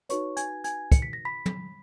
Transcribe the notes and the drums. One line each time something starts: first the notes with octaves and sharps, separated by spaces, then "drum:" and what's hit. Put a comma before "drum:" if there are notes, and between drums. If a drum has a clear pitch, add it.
D#4 F#4 B4 C#5 C#6, drum: hi-hat
G#5 G#6, drum: hi-hat
G#5 G#6, drum: hi-hat
C#7, drum: kick, hi-hat
B6
A#6
B5 B6
drum: tom